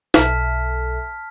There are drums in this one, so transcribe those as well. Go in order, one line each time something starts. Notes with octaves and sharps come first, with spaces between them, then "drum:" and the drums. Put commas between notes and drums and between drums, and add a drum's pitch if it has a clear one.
B1 A4 E5 A5 F6 B6, drum: snare